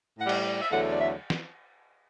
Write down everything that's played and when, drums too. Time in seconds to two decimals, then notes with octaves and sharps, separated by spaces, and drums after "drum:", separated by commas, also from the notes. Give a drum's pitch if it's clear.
0.19 A2 G3 F#5
0.29 drum: cymbal
0.61 E5
0.70 E2 D3 F#3 A3 F#5
0.90 D5
0.97 E5
1.30 drum: snare